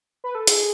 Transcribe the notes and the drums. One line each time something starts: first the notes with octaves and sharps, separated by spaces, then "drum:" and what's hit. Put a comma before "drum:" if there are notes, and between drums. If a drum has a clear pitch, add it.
B4
A4
G#4, drum: hi-hat